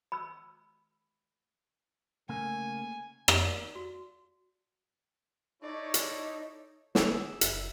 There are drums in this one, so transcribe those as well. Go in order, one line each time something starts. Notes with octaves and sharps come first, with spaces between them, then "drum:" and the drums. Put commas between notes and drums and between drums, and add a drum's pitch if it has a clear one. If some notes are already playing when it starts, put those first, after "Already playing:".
B5 E6
C#3 A3 A#3 G#5
D5, drum: rim click
F5
F#4
D#4 E4 A4 C#5 D5
drum: hi-hat
D3 C4 G#4 E6, drum: snare
F#1 E5, drum: hi-hat